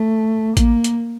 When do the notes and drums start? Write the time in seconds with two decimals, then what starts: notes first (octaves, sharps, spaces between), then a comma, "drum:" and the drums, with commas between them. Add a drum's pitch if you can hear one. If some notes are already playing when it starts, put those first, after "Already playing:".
Already playing: A3
0.57 A#3, drum: kick A1, hi-hat
0.84 drum: hi-hat